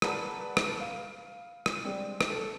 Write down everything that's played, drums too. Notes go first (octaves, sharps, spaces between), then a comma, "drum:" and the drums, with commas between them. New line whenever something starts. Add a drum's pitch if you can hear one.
G#4 A#4 B4 D5 F#5 A5, drum: rim click
drum: rim click
F5 D#7
drum: rim click
G3 G#3 C4 D4
drum: rim click
A4